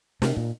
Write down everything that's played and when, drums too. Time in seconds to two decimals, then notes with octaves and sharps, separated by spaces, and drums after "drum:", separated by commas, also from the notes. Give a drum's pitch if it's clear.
0.22 C3, drum: snare
0.37 A#2